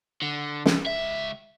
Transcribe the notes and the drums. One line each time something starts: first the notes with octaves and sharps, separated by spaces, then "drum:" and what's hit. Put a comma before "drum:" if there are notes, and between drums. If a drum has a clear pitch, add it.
D3
drum: snare
C#2 E5